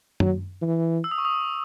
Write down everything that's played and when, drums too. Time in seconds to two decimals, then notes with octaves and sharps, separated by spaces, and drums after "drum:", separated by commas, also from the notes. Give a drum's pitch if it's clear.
0.20 F#3, drum: tom F#2
0.62 E3
1.04 E6
1.11 D#6
1.18 C#6
1.25 D#6